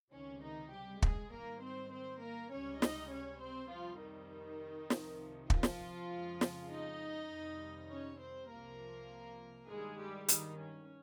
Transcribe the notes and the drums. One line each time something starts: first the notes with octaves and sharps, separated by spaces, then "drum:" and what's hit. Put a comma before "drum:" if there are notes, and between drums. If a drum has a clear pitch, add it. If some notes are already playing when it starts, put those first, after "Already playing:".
C#2 C3 D#3 C#4
D#3 D#4
G3 G4
G#3 G#4, drum: kick
G#2 D#3 G3 A#3 A#4
C4 C5
C4 C5
A#3 A#4
C#2 C3 G3 C#4 C#5
D#4 D#5, drum: snare
C#4 C#5
C4 C5
F2 C3 F3 G3 F4
D#3 D#4
C2 C3 F3, drum: snare
F3 F4, drum: kick
drum: snare
F2 C#3 G#3
drum: snare
D#4 D#5
F2 C3 D#3 G3
C#4 C#5
C4 C5
C2 C3 F3 A#3 A#4
G2 D#3 G3 G#3 G#4
G3 G4
D#3 D#4, drum: hi-hat
C#4